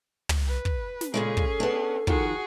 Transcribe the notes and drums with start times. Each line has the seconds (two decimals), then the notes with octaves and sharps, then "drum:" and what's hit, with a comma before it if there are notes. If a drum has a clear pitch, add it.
0.29 drum: tom
0.47 B4
0.65 drum: kick
1.01 drum: snare
1.14 A#2 C#3 G#3 C#4 G#4 A4
1.37 drum: kick
1.60 B3 D4
2.07 D#3 F3 F#4 G#4, drum: kick